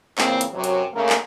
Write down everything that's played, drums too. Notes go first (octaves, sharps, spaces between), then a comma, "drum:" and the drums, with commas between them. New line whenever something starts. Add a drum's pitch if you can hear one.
E2 A#2 C#3 A#3 C4, drum: clap
drum: hi-hat
F#2 C3 F#3
drum: hi-hat
C#3 A3 A#3
drum: clap